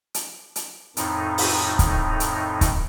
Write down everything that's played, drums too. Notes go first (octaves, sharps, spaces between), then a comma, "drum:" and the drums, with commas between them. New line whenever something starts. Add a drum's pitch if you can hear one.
drum: hi-hat
drum: hi-hat
F2 A2 D#3 D#4, drum: hi-hat
drum: open hi-hat
drum: kick, hi-hat
drum: hi-hat
drum: kick, hi-hat